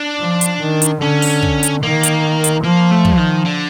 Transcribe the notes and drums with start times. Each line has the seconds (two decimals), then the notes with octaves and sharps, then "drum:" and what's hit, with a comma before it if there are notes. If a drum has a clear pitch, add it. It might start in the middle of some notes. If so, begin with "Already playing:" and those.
Already playing: D4
0.21 F3
0.41 drum: hi-hat
0.61 D#3
0.82 drum: hi-hat
1.02 D3 C#4
1.22 drum: open hi-hat
1.42 drum: kick
1.63 drum: hi-hat
1.83 D#3 A#3
2.03 drum: hi-hat
2.44 drum: hi-hat
2.64 F3 A#3
2.91 A3
3.05 drum: kick
3.18 D#3
3.45 D3